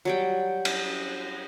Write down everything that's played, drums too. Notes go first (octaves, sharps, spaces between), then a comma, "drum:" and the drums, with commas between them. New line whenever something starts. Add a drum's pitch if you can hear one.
F#3 G3 G5
drum: cymbal